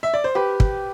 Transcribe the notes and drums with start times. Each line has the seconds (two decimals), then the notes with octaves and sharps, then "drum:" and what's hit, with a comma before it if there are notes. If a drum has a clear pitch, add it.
0.03 E5
0.14 D5
0.24 C5
0.35 G4 B4
0.60 drum: kick